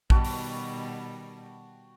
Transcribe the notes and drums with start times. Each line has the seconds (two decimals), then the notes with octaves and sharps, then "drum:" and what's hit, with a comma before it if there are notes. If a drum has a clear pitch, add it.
0.10 B2 D#3 G3 F#4 G5 A5, drum: kick
0.24 drum: open hi-hat